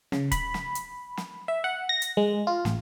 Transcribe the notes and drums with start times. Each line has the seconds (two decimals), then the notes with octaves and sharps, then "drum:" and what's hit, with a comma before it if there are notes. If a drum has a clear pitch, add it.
0.12 C#3, drum: snare
0.32 B5, drum: kick, hi-hat
0.54 drum: snare
0.75 drum: hi-hat
1.17 drum: snare
1.48 E5
1.64 F#5
1.89 A#6
2.02 drum: hi-hat
2.17 G#3
2.47 F4
2.65 A1, drum: snare